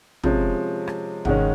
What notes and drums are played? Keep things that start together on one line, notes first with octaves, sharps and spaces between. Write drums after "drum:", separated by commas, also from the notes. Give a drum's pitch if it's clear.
C3 F3 G#3 C#4, drum: tom
drum: rim click
G#2 D#3 G#3 C#4, drum: tom